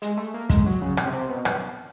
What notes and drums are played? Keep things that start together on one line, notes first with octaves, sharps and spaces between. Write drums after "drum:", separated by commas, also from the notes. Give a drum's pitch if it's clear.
G#3, drum: hi-hat
A3
A#3
G#3, drum: kick, hi-hat
F#3
C#3
C3, drum: rim click
C3
B2
drum: rim click